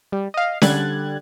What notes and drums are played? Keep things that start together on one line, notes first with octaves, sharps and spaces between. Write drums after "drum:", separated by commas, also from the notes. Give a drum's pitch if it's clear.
G3
D#5 F5
D3 G3 F#6 G#6 A6, drum: snare C#4